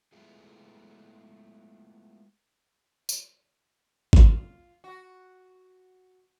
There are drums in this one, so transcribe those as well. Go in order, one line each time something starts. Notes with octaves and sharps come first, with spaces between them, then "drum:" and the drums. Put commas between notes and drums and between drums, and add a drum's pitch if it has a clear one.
G#3 A3 B3 E4 F4 G#4
drum: tambourine
F4, drum: kick
F#4